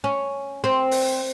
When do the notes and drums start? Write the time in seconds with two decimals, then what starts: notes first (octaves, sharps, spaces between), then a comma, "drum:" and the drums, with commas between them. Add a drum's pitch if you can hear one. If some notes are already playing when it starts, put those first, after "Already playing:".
0.04 C#4
0.64 C4
0.91 drum: open hi-hat